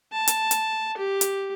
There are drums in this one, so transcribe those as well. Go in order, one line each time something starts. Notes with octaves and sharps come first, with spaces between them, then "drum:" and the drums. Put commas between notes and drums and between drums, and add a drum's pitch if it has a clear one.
A5
drum: hi-hat
drum: hi-hat
G4
drum: hi-hat